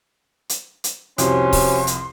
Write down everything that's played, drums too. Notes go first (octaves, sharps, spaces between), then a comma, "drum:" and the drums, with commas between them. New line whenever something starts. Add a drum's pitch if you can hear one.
drum: hi-hat
drum: hi-hat
C2 F2 C#4 F#4 G4 C5 C6, drum: hi-hat
drum: kick C#1, open hi-hat
drum: hi-hat